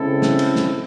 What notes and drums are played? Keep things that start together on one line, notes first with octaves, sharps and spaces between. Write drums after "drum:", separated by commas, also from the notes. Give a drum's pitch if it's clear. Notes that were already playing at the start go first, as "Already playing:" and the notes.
Already playing: C#3 G#3 C4 E4 A4
drum: snare
drum: cymbal
drum: snare